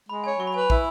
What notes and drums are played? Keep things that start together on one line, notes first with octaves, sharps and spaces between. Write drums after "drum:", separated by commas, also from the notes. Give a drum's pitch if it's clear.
G#3 B5
C#5 G#5
F#3 C#6
B5
B4 G#5
B5
E4, drum: kick